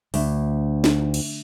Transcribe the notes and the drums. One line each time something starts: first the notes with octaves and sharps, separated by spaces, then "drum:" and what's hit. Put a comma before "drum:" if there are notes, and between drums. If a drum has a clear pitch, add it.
D2, drum: open hi-hat
drum: snare
drum: cymbal